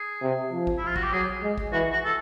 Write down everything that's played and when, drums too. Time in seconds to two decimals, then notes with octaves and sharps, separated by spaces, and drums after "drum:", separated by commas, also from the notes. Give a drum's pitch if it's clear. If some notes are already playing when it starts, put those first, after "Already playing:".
Already playing: G#4
0.22 C3
0.52 F3
0.67 drum: kick
0.78 E4
0.86 F4
0.96 F#4, drum: kick
1.03 G4
1.13 F#3 G#4
1.43 G#3
1.58 drum: kick
1.73 E3 F#4
1.93 F#4
2.05 A4